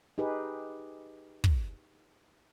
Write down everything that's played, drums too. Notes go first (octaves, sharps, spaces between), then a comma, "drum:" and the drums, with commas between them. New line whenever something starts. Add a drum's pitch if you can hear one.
D#4 G4 G#4 B4
drum: kick